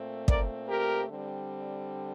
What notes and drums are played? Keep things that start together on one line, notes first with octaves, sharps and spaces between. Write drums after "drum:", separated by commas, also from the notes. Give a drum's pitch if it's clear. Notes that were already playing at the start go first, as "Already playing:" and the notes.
Already playing: A#2 A3 C4
A#4 D5, drum: kick
G4 A#4
D3 G3 C4